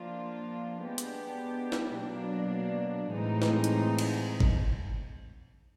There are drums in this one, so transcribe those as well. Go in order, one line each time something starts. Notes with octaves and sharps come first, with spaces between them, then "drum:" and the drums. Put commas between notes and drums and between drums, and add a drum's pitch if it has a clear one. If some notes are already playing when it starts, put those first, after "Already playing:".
Already playing: F3 A#3 D4 F4
G#3 B3 D4 G4
drum: hi-hat
drum: snare
B2 F#3 A#3 D4
A2 E3 G#3 C4 D#4
drum: snare
drum: hi-hat
drum: cymbal
drum: kick G#1